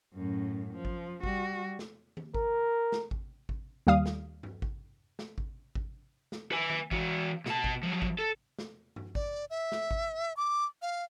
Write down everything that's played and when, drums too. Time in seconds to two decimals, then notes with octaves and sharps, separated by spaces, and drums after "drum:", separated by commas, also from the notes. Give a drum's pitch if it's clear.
0.14 F#2 A2
0.74 F3
0.85 drum: kick G#1
1.23 G3 F#4, drum: kick G#1
1.79 drum: snare
2.17 drum: tom D#3
2.34 A#4, drum: kick G#1
2.92 drum: snare
3.11 drum: kick G#1
3.49 drum: kick G#1
3.87 D#2 G3 F5 D#6
4.06 drum: snare
4.43 drum: tom G2
4.62 drum: kick G#1
5.19 drum: snare
5.38 drum: kick G#1
5.75 drum: kick G#1
6.32 drum: snare
6.52 B4 G#5
6.70 drum: tom D#3
6.91 E3 F#4, drum: kick G#1
7.46 B2 A5, drum: snare
7.64 drum: kick G#1
7.83 F3 F#3
8.02 drum: kick G#1
8.19 A4
8.59 drum: snare
8.96 drum: tom G2
9.15 D5, drum: kick G#1
9.50 E5
9.72 drum: snare
9.91 drum: kick G#1
10.37 D6
10.82 F5